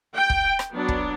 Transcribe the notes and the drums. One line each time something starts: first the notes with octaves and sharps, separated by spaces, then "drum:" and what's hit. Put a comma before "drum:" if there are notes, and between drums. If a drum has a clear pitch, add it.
G5
drum: kick
drum: rim click
F#3 B3 D4
drum: kick